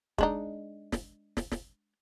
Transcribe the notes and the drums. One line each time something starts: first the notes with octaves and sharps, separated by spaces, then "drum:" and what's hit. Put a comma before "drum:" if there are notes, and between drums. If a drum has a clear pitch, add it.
G#3 D4 D#4, drum: kick
drum: snare
drum: snare
drum: snare